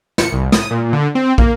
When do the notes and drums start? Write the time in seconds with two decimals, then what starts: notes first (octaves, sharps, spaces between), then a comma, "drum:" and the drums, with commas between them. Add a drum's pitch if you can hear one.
0.18 C#7, drum: snare
0.33 C2
0.52 D#6, drum: snare
0.71 A#2
0.93 D3
1.15 C4
1.38 A#3, drum: kick